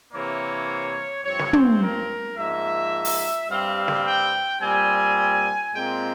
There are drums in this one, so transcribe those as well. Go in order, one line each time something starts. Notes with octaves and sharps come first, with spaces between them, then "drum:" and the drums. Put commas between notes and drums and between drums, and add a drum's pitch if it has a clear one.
C3 E3 A#3 C#5
G2 F3 C4 C#5
drum: snare
C5, drum: tom
A#4
G#2 F3 A#3 E5
drum: open hi-hat
G2 G3 C4 F5
drum: snare
G5
A#2 G3 C4 G#5
A#2 G#3 C4 G5